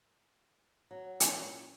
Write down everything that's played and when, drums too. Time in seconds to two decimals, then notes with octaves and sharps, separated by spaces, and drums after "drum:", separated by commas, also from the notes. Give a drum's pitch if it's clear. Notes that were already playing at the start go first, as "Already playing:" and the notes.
0.91 F#3
1.20 A#2 C#4, drum: hi-hat